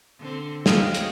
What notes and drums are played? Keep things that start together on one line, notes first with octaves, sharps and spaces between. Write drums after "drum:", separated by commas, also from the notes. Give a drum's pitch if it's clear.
D3 C4
F#3 G#3 A3 D#5 F5 G5, drum: snare
drum: hi-hat